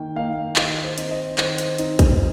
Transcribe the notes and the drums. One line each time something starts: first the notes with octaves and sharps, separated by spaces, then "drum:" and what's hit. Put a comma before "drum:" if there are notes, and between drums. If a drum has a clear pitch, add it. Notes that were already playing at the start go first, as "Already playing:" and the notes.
Already playing: D#3 A#3 G5
A#3 D#4 F5
D#3 D#5, drum: clap
C5
C4 D#4, drum: hi-hat
D#5
D#3 C5, drum: clap
drum: hi-hat
C4 D#4, drum: hi-hat
drum: kick, hi-hat